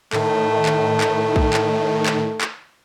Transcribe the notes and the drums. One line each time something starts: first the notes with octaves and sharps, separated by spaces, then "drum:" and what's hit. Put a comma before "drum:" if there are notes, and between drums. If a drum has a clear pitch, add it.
A2 D#3 A3, drum: clap
drum: clap
drum: clap
drum: kick A#1
drum: clap
drum: clap
drum: clap